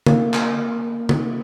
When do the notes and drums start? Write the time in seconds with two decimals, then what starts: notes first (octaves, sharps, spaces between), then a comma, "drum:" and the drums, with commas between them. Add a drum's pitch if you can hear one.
0.06 A#3, drum: tom C#3
0.34 drum: clap
1.09 drum: tom C#3